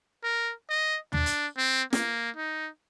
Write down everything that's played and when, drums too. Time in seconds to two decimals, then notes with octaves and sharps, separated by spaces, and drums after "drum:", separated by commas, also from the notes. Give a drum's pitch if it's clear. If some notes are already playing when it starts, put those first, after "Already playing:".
0.24 A#4
0.70 D#5
1.13 D4, drum: tom
1.26 drum: hi-hat
1.57 C4
1.93 A#3, drum: snare
2.36 D#4